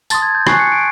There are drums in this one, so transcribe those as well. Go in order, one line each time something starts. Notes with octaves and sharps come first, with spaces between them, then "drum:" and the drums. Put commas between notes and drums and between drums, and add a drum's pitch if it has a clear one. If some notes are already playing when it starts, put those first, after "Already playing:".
A5 C6 D#6 A6, drum: tambourine
G#6
G6
G#5 C#6 F#6 C7, drum: rim click
C#7
D7